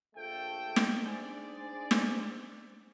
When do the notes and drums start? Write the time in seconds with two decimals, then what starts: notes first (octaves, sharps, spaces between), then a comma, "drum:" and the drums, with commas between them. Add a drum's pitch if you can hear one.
0.15 A#1 A3 A4 G5
0.76 drum: snare
1.05 D4 D#4 G#4 C5 D5
1.91 drum: snare